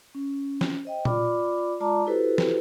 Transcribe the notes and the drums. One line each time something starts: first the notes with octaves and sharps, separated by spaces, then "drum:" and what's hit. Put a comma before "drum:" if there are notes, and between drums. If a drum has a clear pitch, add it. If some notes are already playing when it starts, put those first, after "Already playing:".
C#4
drum: snare
C5 D#5 G5
F4 D5 B5 D6, drum: tom A#2
G#3 F4 D5 A5 A#5 D6
E4 F#4 G4 A4 B4 C5
drum: snare